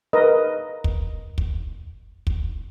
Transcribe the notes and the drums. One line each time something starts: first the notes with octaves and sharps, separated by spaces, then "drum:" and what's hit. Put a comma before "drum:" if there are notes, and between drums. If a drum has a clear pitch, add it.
A#4 B4 D#5
drum: kick
drum: kick
drum: kick